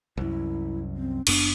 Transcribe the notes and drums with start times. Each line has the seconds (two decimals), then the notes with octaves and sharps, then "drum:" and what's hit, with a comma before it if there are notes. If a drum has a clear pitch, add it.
0.17 C2 F#2 E4
0.96 C4
1.27 F#1 F#2 B3 D4, drum: cymbal